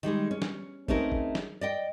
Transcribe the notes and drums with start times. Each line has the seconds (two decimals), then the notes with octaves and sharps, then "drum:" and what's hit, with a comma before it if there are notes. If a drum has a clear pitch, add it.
0.03 D#3 G3 G#3 G#4
0.31 C#4
0.42 drum: snare
0.88 A3 C4 C#4 D#4 G#4 A#4, drum: kick
1.12 drum: kick
1.35 drum: snare
1.61 D5 D#5 G5